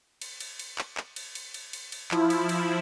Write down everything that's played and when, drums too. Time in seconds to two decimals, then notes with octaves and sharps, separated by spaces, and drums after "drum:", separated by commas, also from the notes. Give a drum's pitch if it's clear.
0.22 drum: cymbal
0.40 drum: cymbal
0.59 drum: cymbal
0.78 drum: clap
0.97 drum: clap
1.16 drum: cymbal
1.35 drum: cymbal
1.54 drum: cymbal
1.73 drum: cymbal
1.92 drum: cymbal
2.11 F3 E4, drum: clap
2.30 drum: cymbal
2.49 drum: cymbal